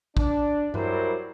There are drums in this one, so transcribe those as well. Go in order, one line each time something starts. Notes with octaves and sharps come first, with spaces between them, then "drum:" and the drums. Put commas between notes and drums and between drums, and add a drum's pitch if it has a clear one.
D4, drum: kick
F#3 G3 E4 A#4 C5 D5, drum: tom G2